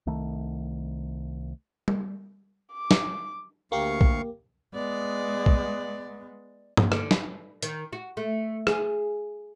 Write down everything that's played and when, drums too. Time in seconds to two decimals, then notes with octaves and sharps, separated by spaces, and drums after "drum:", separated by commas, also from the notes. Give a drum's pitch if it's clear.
0.07 C2 D#3 A3
1.88 drum: tom G3
2.72 D6
2.91 drum: snare
3.72 D2 A#3 G4 F5 C#6
4.01 drum: kick
4.75 G#3 B3 D5
5.46 drum: kick
6.77 drum: tom G2
6.92 D3, drum: rim click
7.11 B4, drum: snare
7.62 D#3, drum: hi-hat
7.93 F#4
8.17 A3
8.67 G#4, drum: rim click